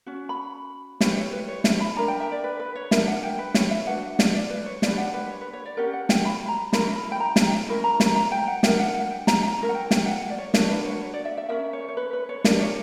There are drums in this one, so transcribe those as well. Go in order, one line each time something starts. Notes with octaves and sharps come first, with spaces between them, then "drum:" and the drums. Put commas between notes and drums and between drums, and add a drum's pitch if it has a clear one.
C#4 F#4
B5
E4 G4 B4 C#5, drum: snare
C#5
B4
C#5
E5, drum: snare
B5
D4 A#4 A#5
G5
E5
D5
B4
B4
C#5
D4 A#4 E5, drum: snare
F#5
G5
B4
C#5, drum: snare
E5
D4 F#4 B4 F#5
F#5
D5, drum: snare
D5
B4
C#5
D4 G4 B4 D5, drum: snare
F#5
B4
C#5
B4
C#5
D5
C#4 G4 A#4 F#5
F#5
G5, drum: snare
B5
A#5
C#4 E4 A#4 B5, drum: snare
B5
G5
A#5
G5, drum: snare
C#4 E4 A#4 B5
A#5
drum: snare
A#5
G5
F#5
D4 A#4 E5, drum: snare
F#5
F#5
G5
A#5, drum: snare
A#5
C#4 E4 A#4 A#5
F#5
G5
G5, drum: snare
F#5
D5
C#5
D4 F#4 A#4 C#5, drum: snare
B4
C#5
C#5
D5
E5
E5
C#4 F#4 A#4 E5
C#5
C#5
B4
B4
C#5
D4 G4 A#4 D5, drum: snare
C#5